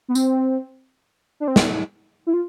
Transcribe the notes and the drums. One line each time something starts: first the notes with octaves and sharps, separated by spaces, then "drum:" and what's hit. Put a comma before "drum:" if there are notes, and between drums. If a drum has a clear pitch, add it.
B3
C4, drum: tambourine
D4
C4
B3, drum: snare
E4
F4